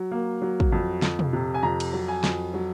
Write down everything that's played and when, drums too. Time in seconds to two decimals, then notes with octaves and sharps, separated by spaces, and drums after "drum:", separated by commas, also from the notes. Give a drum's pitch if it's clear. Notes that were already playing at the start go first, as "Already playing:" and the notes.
Already playing: F#3
0.12 A#3
0.42 F#3
0.60 drum: kick
0.72 F2
1.02 F2, drum: snare
1.19 drum: tom
1.33 C3
1.54 G#5
1.63 F2 A#5
1.80 drum: cymbal
1.93 F#3
2.08 G#5
2.24 F2, drum: snare
2.54 F#3